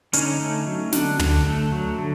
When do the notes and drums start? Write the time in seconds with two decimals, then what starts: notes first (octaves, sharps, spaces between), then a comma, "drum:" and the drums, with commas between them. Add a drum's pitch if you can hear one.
0.13 D3 C#4 D#4, drum: hi-hat
0.40 A3
0.66 F#3
0.92 D3 D4, drum: snare
1.19 D3, drum: tom
1.45 A3
1.72 F#3
1.98 D3